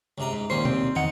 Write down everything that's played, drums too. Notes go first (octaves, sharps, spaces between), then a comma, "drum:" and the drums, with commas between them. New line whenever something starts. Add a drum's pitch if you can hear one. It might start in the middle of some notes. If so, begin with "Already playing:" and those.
C#2 C3 A#5
G#2
D#2 A#2 C#4 C5
C4, drum: tom B2
E2 D#3 D#4 F#5